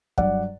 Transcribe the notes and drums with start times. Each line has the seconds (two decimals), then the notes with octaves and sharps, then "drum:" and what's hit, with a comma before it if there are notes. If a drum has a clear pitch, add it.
0.18 G2 F#3 D5 F#5, drum: kick